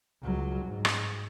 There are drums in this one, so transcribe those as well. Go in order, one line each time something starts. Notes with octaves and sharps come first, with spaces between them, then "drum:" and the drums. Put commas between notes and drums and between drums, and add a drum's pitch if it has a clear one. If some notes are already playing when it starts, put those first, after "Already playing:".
C#2 F#3
G#2
drum: rim click